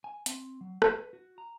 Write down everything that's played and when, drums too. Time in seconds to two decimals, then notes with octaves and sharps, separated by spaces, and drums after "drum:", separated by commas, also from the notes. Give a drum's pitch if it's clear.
0.04 G#5
0.26 C4, drum: hi-hat
0.61 F#3
0.82 B4, drum: rim click
1.13 F#4
1.38 A#5